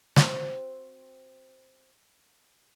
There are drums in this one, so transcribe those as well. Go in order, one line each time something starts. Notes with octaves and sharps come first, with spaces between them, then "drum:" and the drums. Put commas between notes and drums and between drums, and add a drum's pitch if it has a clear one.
C4 F#4, drum: snare